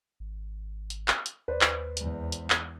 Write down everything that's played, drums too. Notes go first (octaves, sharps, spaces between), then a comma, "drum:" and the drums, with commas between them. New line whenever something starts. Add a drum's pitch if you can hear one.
G#1
drum: hi-hat
drum: clap
drum: hi-hat
D#2 B4 C5 D5
drum: clap
E2 G#3, drum: hi-hat
drum: hi-hat
drum: clap